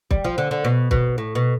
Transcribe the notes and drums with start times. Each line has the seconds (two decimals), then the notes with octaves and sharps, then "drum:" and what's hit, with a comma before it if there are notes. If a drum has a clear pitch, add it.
0.11 G3, drum: kick
0.24 F3
0.38 D3
0.51 D3
0.65 B2
0.91 B2, drum: kick
1.18 A2
1.35 B2